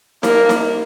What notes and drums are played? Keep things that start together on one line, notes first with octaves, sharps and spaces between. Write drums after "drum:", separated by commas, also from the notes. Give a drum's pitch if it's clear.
A#3, drum: snare D#4
drum: snare D#4